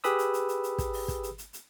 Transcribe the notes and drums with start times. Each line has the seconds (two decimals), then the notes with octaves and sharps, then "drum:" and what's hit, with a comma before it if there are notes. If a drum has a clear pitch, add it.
0.04 G4 G#4 B4 B5 D#6 E6, drum: hi-hat
0.19 drum: hi-hat
0.34 drum: hi-hat
0.49 drum: hi-hat
0.63 drum: hi-hat
0.78 drum: kick, hi-hat
0.93 drum: open hi-hat
1.08 drum: kick, hi-hat
1.23 drum: hi-hat
1.38 drum: hi-hat
1.53 drum: hi-hat